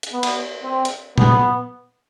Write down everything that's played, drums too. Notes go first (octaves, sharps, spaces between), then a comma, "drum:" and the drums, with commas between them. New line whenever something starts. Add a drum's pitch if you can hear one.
drum: hi-hat
B3
drum: cymbal
C4
drum: hi-hat
B3, drum: tom A#2